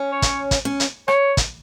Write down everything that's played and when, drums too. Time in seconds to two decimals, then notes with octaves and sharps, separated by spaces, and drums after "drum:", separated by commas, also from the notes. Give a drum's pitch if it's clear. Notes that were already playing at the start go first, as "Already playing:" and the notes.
Already playing: C#4
0.12 C#5
0.22 drum: kick, hi-hat
0.51 drum: kick, hi-hat
0.65 C#4
0.80 drum: hi-hat
1.08 C#5, drum: rim click
1.37 drum: kick, hi-hat